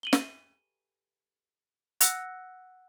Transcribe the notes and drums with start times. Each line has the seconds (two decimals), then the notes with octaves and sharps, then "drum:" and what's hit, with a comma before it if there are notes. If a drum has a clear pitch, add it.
0.03 D#7 F#7 G7
0.13 drum: snare
2.01 F#5 E6 F#6 A#6 C#7, drum: hi-hat